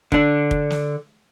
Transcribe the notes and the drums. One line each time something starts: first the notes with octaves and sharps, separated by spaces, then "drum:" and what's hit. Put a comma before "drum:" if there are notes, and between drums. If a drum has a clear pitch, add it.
D3 D4, drum: kick
drum: kick
drum: snare